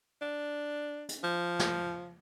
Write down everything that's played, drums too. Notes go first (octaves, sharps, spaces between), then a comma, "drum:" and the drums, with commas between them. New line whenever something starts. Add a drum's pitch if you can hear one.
D4
drum: hi-hat
F3
drum: snare